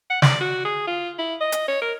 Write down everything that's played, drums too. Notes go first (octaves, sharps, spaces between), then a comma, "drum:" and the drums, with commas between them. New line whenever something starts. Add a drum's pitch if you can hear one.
F#5
D5, drum: snare
F#4
G#4
F4
E4
D#5
drum: hi-hat
C#5
A#4